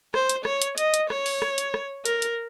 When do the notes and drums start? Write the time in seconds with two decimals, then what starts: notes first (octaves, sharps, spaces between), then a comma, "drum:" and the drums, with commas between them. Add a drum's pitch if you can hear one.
0.14 C5, drum: rim click
0.29 drum: hi-hat
0.45 C#5, drum: rim click
0.62 drum: hi-hat
0.78 D#5, drum: hi-hat
0.94 drum: hi-hat
1.10 C#5, drum: rim click
1.26 drum: open hi-hat
1.42 drum: rim click
1.58 drum: hi-hat
1.74 drum: rim click
2.05 A#4, drum: hi-hat
2.22 drum: hi-hat